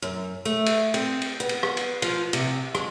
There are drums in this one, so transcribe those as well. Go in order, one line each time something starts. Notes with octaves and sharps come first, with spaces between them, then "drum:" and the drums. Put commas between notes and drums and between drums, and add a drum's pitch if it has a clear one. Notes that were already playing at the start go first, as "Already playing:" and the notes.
F#2
A3
drum: cymbal
C4, drum: cymbal
drum: cymbal
B3
drum: cymbal
drum: rim click
drum: cymbal
F3, drum: cymbal
C3, drum: cymbal
G#3, drum: rim click